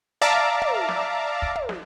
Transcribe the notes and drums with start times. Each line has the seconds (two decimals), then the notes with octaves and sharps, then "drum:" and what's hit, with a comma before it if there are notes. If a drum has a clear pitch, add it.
0.21 D5 E5 F5 A5 A#5 D6
0.62 drum: tom
0.89 drum: snare
1.42 drum: kick
1.56 drum: tom
1.69 drum: snare